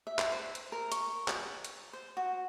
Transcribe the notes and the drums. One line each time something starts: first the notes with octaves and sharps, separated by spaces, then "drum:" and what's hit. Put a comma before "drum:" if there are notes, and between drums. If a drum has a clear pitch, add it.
E5
drum: clap
C5
drum: hi-hat
A#4
C#6, drum: hi-hat
drum: clap
drum: hi-hat
C5
F#4